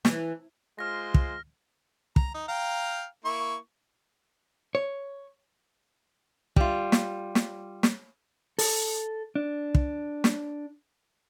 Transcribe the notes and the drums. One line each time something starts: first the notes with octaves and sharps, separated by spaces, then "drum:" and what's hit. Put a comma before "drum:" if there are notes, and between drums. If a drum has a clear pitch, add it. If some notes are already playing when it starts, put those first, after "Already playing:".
E3, drum: snare
G#3 F4 C5 F6 A#6
drum: kick
A#5, drum: kick
D#4
F5 G5 A#5
A#3 E4 C#6
C#5
G3 F4, drum: kick
drum: snare
drum: snare
drum: snare
A4, drum: open hi-hat
D4
drum: kick
drum: snare